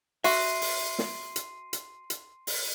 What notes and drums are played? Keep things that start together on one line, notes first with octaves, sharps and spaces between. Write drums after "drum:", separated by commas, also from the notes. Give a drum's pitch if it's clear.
F#4 E5 C6 C7 D#7, drum: open hi-hat
drum: open hi-hat
drum: snare
drum: hi-hat
drum: hi-hat
drum: hi-hat
drum: open hi-hat